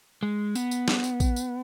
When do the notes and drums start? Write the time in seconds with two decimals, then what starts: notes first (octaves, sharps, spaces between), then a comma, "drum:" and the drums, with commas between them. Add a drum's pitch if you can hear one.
0.23 G#3
0.55 B3, drum: tambourine
0.71 drum: tambourine
0.88 drum: snare
1.04 drum: tambourine
1.20 drum: kick A1, tambourine
1.36 drum: tambourine